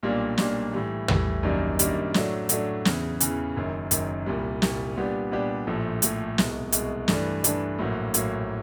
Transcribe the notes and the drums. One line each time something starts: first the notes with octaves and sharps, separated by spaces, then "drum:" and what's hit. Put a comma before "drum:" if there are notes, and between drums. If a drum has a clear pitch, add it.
B1 A#2 G3 A#3 D4
B1 A#2 G3 A#3 D4, drum: snare
A2 E3 G3
A2 E3 G3, drum: tom
F#2 D#3 G3 A#3 D4
F#2 D#3 G3 A#3 D4, drum: hi-hat
A2 F#3 A3 D4, drum: snare
A2 F#3 A3 D4, drum: hi-hat
E2 C#3 E3, drum: snare
E2 C#3 E3, drum: hi-hat
F#1 F#2 D#3
F#1 F#2 D#3, drum: hi-hat
C2 A#2 G3
C2 A#2 G3, drum: snare
A#2 G3 B3 D4 G4
A#2 G3 B3 D4 G4
A#1 A2 F3 A3
A#1 A2 F3 A3, drum: hi-hat
C2 B2 G#3, drum: snare
C2 B2 G#3, drum: hi-hat
G2 E3 A3 D4, drum: snare
G2 E3 A3 D4, drum: hi-hat
A#1 A2 F#3 A#3
A#1 A2 F#3 A#3, drum: hi-hat